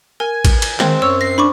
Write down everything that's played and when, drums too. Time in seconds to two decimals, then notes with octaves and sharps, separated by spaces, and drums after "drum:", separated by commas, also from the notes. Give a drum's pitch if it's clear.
0.20 A#4 G#5
0.45 drum: kick, cymbal
0.62 drum: cymbal
0.80 D#3 G#3 C4, drum: clap
1.02 F#2 C#5 E6
1.21 A#6 C7
1.38 D4 B5 C#6 D6